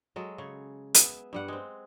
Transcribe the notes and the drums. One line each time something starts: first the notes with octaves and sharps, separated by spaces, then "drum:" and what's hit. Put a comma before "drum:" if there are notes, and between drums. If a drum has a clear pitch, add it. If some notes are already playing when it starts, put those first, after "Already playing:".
F#3 G#3 A4
C#3 C#5
B3 G#4 E5, drum: hi-hat
G2 G3 F#5
G#3 C4